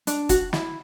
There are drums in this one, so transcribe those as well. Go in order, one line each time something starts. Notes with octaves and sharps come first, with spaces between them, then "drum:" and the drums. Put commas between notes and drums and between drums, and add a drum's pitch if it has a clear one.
D4, drum: hi-hat
F#4, drum: kick, hi-hat
E4, drum: snare